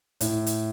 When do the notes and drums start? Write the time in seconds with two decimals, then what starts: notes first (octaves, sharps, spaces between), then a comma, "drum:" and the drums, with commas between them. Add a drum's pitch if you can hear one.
0.21 A2, drum: hi-hat
0.46 drum: hi-hat